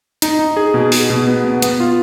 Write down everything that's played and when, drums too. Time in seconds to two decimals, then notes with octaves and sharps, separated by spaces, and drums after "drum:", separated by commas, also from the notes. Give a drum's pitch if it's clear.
0.22 D#4, drum: hi-hat
0.39 D#4
0.57 G#4
0.74 B2
0.92 G#4, drum: open hi-hat
1.10 B2
1.27 B3
1.45 B3
1.62 B3, drum: hi-hat
1.80 F4